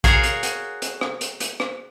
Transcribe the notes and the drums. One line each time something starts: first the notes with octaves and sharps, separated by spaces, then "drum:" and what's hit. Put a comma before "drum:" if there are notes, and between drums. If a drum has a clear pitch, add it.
F#4 G#4 A#4 C#5 F5, drum: kick A#1, hi-hat
drum: hi-hat
drum: hi-hat
drum: hi-hat
drum: rim click
drum: hi-hat
drum: hi-hat
drum: rim click